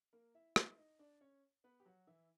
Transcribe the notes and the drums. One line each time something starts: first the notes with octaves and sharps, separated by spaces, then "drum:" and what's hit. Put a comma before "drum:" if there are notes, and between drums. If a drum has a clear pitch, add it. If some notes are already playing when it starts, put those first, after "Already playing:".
A#3 A#4
E4 E5
E4 E5, drum: rim click
D#4 D#5
D4 D5
C#4 C#5
B3 B4
G4
F#3 F#4
E3 E4